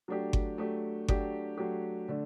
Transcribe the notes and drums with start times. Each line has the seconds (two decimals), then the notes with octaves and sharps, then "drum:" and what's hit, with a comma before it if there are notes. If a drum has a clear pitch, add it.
0.08 F#3 A3 D4 G4
0.33 drum: kick G1
0.58 F#3 A3 D4 G4
1.08 F#3 A3 D4 G4, drum: kick G1
1.58 F#3 A3 D4 G4
2.08 D3 A3 D4